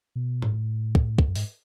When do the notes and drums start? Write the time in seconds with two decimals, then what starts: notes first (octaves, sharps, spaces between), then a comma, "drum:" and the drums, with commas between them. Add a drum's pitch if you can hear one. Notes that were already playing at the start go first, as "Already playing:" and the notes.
0.16 B2
0.42 G#2, drum: tom A2
0.53 A2
0.95 drum: kick
1.19 drum: kick
1.28 F#2
1.35 G#2, drum: open hi-hat